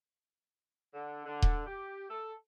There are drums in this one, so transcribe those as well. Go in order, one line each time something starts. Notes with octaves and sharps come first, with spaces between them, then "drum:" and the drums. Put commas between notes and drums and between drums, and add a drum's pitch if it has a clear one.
D3
D3
drum: kick D#1
G4
A4